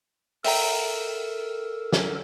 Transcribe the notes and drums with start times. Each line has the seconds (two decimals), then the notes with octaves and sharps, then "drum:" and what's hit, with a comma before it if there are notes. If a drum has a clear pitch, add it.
0.44 A4 A#4 E5 G5 A#5, drum: open hi-hat
1.93 drum: snare